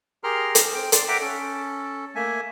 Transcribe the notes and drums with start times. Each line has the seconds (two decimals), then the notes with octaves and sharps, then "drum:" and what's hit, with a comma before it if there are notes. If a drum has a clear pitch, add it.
0.24 G4 G#4 A#4 A#5 C6 F6
0.55 drum: hi-hat
0.74 C4 G5
0.92 D5 C6, drum: hi-hat
1.08 E5 F#5 G5 A#5 D6
1.21 C#4 A4
2.15 A3 A#3 E5 G#5